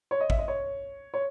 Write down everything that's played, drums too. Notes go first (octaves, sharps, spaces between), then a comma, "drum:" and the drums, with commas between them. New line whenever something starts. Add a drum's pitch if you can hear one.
C#5
D#5
E5, drum: kick
D#5
C#5
C#5